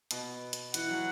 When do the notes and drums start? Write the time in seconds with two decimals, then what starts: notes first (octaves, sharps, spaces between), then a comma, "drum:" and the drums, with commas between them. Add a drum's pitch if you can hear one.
0.11 B2, drum: hi-hat
0.53 drum: hi-hat
0.74 E3 F#5, drum: hi-hat
0.90 F#3